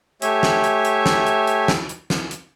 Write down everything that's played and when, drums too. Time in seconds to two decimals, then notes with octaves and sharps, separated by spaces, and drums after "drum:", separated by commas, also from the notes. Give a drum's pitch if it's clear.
0.22 A3 G4 C#5 E5 G#5, drum: hi-hat
0.43 drum: snare
0.64 drum: hi-hat
0.85 drum: hi-hat
1.06 drum: snare
1.27 drum: hi-hat
1.47 drum: hi-hat
1.68 drum: snare
1.89 drum: hi-hat
2.10 drum: snare
2.31 drum: hi-hat